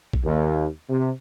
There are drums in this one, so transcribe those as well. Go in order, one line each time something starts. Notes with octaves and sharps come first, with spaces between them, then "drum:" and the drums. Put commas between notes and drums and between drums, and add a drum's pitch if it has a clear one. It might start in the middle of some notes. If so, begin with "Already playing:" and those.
drum: kick A#1
D#2
C3